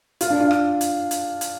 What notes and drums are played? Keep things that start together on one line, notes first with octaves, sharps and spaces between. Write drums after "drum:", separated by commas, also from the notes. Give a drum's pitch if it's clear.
F4, drum: hi-hat
D4
F4
drum: rim click
drum: hi-hat
drum: hi-hat
drum: hi-hat